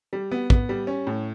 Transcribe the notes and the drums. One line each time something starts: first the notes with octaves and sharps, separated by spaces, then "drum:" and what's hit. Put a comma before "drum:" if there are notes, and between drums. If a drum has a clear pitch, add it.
G3
B3
B3, drum: kick
G3
C#4
A2